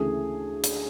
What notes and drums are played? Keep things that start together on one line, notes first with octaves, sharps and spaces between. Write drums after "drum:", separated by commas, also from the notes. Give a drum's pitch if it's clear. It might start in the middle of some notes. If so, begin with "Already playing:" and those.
Already playing: D2 C#3 E3 A3 G#4
drum: hi-hat